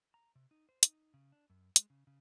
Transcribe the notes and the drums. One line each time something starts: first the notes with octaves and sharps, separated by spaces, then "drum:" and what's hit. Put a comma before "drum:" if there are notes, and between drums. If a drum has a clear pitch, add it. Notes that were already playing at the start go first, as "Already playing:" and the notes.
A#5
C3
D#4
C5
D#4, drum: hi-hat
C#3
D4
F#2
G#3, drum: hi-hat
C#3
C#3